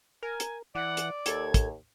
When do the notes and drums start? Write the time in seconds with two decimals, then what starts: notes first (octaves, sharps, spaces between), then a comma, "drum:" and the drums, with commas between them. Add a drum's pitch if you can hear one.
0.23 A#4 G#5
0.40 drum: hi-hat
0.75 E3 D5 F#5
0.97 drum: hi-hat
1.26 D#2 A4 G#6, drum: hi-hat
1.54 drum: kick, hi-hat